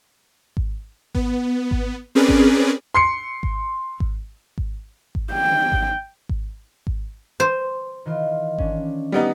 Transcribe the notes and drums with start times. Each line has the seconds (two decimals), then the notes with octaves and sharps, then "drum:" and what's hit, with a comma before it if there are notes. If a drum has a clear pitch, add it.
0.57 drum: kick G#1
1.15 B3, drum: kick G#1
1.71 drum: kick G#1
2.15 C4 C#4 G#4 A#4 B4 D5
2.28 drum: kick G#1
2.94 C6 C7 C#7
3.43 drum: kick G#1
4.00 drum: kick G#1
4.58 drum: kick G#1
5.15 drum: kick G#1
5.33 G5
5.72 drum: kick G#1
6.29 drum: kick G#1
6.87 drum: kick G#1
7.40 C5
8.06 D#3 E3 F4
8.58 C#4 D4, drum: kick G#1
9.12 G3 B3 D#4 G#4